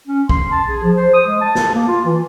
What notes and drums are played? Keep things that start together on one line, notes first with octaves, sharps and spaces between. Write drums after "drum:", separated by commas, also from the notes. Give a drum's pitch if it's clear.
C#4
C6, drum: kick
A5
G#4
F3
C5
D#6
G#3
A5
drum: snare
A#3
F4
E3